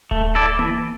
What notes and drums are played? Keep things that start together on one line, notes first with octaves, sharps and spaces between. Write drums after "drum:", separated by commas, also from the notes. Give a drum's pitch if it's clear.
A3, drum: kick D1
E4 A4 D5
E3, drum: tom A#3